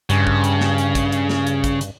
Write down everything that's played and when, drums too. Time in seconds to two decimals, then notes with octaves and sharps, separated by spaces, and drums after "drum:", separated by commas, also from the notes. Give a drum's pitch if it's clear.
0.10 G2 C#3, drum: hi-hat
0.27 drum: kick
0.44 drum: hi-hat
0.61 drum: snare
0.78 drum: hi-hat
0.95 drum: kick, hi-hat
1.12 drum: hi-hat
1.30 drum: snare
1.47 drum: hi-hat
1.64 drum: kick, hi-hat
1.81 drum: hi-hat